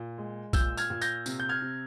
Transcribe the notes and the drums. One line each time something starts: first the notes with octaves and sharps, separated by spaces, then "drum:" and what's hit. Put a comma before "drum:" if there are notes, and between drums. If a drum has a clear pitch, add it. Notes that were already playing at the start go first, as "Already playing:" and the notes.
Already playing: A#2
G#3
A#2 E6 G6, drum: kick B1, tambourine
F6 G#6, drum: tambourine
A#2
G6 A#6, drum: tambourine
C3, drum: tambourine
G6
F6 G#6
C3